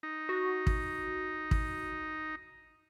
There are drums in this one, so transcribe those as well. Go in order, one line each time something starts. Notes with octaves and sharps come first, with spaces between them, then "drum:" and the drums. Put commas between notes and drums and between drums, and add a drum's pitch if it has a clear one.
D#4
F#4
drum: kick
drum: kick